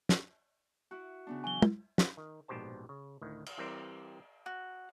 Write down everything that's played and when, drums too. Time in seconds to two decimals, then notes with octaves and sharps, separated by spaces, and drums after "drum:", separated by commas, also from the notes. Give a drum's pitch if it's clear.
0.09 drum: snare
0.91 E4 F#4
1.27 C#3 B3 D4
1.44 E3 F#3 G#5 G7
1.62 drum: tom
1.98 F4 B4, drum: snare
2.17 D#3
2.48 A#1 G#2 B2 G4 C5 A5
2.89 C#3
3.22 D2 A2 D#3
3.46 drum: cymbal
3.58 E3 G3 C4 G4 A#4 C5
4.46 F#4